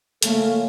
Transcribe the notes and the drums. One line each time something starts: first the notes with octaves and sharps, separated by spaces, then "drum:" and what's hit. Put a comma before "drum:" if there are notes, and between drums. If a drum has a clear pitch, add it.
C#3 F3 A3 A#3, drum: hi-hat